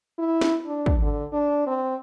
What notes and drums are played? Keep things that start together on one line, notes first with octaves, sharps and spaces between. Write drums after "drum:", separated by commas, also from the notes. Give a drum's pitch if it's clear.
E4
drum: snare
D4
drum: kick
D3
D4
C4